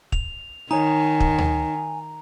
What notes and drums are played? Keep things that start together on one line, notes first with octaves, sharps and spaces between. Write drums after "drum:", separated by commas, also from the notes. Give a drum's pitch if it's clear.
F7, drum: kick
D#3 D#4 C#5 G#5 A#5
drum: kick
drum: tom D2